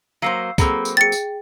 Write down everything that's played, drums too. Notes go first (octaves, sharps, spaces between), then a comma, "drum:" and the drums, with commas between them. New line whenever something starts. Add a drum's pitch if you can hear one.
F#3 A#3 C5 F5 E6 C7
F#3 A#3 C4 G#4 A4 B5, drum: kick, tambourine
drum: tambourine
G#4 G5 A6 C#7
drum: tambourine